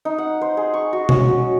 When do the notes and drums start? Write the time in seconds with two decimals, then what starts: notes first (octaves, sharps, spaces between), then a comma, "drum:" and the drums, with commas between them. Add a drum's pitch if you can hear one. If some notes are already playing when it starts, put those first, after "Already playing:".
0.05 D#4
0.18 F#5
0.41 C5
0.57 G#4
0.74 C#6
0.93 F#4
1.09 C#4, drum: tom B2
1.28 F#3